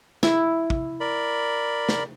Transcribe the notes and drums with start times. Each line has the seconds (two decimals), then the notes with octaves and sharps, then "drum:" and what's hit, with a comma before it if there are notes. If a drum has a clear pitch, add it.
0.23 E4, drum: snare
0.70 drum: kick
1.00 A#4 D5 B5
1.89 drum: snare